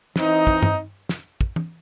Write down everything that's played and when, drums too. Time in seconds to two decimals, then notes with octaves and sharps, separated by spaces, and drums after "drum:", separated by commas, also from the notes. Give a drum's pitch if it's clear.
0.16 E3 C4 D#4, drum: snare
0.47 drum: kick
0.63 drum: tom G2
1.09 drum: snare
1.41 drum: kick
1.56 drum: tom